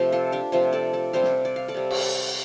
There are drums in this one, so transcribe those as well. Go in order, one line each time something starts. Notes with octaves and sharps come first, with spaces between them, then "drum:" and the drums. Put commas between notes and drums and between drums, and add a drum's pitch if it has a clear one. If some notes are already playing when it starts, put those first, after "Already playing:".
Already playing: C3 F3 A3 C5 F5
F4 A4
D4 G4
C3 F3 A3 F4
A4 D5
A4 D5
C3 G3 C5 F5
drum: snare
D5
F5
A4 D5
C3 G3
drum: cymbal